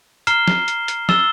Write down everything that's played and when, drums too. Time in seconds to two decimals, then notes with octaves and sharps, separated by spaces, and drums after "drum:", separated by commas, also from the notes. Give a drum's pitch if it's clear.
0.27 A#5 F6 C7 E7 G7, drum: hi-hat
0.48 drum: snare
0.68 drum: hi-hat
0.88 drum: hi-hat
1.09 E6 A6 E7 G7, drum: snare